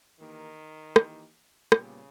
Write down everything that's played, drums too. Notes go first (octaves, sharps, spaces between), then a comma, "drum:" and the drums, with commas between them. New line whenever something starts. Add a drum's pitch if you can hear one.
D#3 E3 A#3 D#4 G4 A#4
E3 A#3 D#4 G4 A#4, drum: rim click
A#2 C#3 G3 B3 G4, drum: rim click